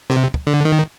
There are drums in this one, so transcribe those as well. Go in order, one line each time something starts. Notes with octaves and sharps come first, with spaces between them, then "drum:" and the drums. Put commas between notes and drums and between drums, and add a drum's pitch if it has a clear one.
C3, drum: snare
drum: kick
D3
D#3